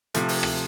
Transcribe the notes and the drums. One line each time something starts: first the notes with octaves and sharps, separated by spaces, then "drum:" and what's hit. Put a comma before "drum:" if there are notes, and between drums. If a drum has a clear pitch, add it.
C3 F3 A3, drum: hi-hat
drum: open hi-hat
drum: rim click